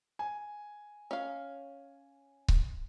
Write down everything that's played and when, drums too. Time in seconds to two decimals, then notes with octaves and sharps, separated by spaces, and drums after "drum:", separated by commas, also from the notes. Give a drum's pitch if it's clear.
0.19 G#5
1.11 C#4 F5
2.48 drum: kick C#1